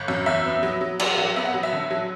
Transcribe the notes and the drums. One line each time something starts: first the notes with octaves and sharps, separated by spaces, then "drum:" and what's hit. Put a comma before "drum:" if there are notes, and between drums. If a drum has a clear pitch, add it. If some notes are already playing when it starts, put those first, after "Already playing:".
Already playing: G1
F#2
E2 E5
B3
F#3
F#3
F#3 D5, drum: cymbal
F#3
B3 E5
F#5
F#3
E5
D3
F#3